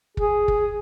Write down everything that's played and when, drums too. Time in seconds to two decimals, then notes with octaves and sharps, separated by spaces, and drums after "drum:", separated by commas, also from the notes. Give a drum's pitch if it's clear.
0.17 G#4, drum: kick
0.48 drum: kick